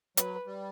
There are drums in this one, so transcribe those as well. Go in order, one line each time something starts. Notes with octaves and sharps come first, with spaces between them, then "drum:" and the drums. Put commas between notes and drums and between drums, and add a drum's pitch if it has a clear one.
F#3 B4, drum: hi-hat
G3